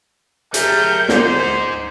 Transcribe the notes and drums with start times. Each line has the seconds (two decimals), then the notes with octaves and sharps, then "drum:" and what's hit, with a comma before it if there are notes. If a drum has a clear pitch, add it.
0.54 F#3 A3 G4 G#4 A#4 G6, drum: hi-hat
1.09 D2 G#3 D#4 C5 F#5 D6, drum: snare